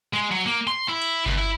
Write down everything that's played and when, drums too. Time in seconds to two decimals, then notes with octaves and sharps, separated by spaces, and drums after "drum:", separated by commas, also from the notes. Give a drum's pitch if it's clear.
0.13 G#3
0.31 F#3
0.46 A#3
0.67 C6
0.88 E4
1.02 drum: cymbal
1.26 C#2, drum: kick G1
1.38 E4